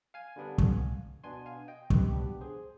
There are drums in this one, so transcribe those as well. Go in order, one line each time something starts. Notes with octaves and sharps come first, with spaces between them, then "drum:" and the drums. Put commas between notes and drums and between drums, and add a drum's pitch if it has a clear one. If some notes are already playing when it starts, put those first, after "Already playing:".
F5 G#5
D3 G3 B3 D4
drum: kick
B2 B3 D4 G#5 C6
F5 G#5
D#5 G5
G4 B4, drum: kick
B2 B3 D4 G4 B4
G#4 C5